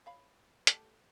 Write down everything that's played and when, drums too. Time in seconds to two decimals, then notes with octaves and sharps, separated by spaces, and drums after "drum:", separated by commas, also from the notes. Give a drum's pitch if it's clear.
0.06 C#5 F5 B5
0.67 A3 G4 A4, drum: hi-hat